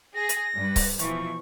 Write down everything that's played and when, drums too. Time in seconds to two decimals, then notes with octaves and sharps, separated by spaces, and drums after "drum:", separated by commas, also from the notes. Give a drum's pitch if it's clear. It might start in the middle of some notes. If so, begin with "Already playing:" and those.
0.14 G#4 A#6
0.29 drum: hi-hat
0.56 G2 B4
0.76 drum: kick C#1, open hi-hat
0.99 B2 E3 F3 C#6, drum: hi-hat